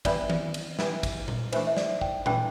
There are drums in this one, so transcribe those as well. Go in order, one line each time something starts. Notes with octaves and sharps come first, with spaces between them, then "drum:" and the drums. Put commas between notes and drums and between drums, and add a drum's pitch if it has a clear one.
E3 G3 B3 E4 D5, drum: kick, cymbal
drum: tom D#3
drum: cymbal
E3 G3 B3 E4, drum: snare
drum: kick, cymbal
drum: tom A#2
E3 A3 D4 C5, drum: cymbal
E5
D5, drum: snare
G5, drum: kick
E3 A3 D4 G5, drum: tom A#2